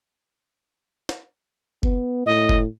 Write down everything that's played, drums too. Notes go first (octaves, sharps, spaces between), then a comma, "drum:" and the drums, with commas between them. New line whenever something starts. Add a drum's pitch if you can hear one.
drum: snare
B3, drum: kick F#1
A2 D#5
drum: kick F#1